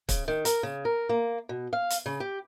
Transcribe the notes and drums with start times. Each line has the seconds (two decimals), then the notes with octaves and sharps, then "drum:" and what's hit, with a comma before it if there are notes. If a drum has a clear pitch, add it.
0.09 C#3, drum: kick, hi-hat
0.28 D#3
0.45 A#4, drum: hi-hat
0.63 C#3
0.85 A#4
1.09 A#3
1.49 B2
1.73 F5
1.90 drum: hi-hat
2.06 C#3
2.20 G4